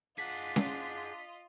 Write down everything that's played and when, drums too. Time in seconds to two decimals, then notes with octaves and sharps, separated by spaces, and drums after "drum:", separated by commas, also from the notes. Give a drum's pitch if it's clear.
0.18 D4 F4 G#4 D#5 F#5 B6
0.56 drum: snare C#4